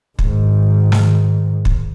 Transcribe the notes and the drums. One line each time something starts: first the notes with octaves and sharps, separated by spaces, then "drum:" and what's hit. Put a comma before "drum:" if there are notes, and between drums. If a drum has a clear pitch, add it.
G#2 D#3, drum: kick
drum: snare
drum: kick